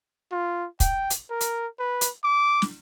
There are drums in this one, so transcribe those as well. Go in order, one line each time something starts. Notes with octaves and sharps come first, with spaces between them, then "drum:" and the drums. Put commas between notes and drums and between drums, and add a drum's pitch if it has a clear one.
F4
G5, drum: kick, hi-hat
drum: hi-hat
A#4
drum: hi-hat
B4
drum: hi-hat
D6
drum: snare